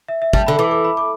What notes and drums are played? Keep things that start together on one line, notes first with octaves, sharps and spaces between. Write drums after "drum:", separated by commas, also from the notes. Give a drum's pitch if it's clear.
E5
E5
G3 A5, drum: kick
D3 B5
E3 D6
D6
B5
D6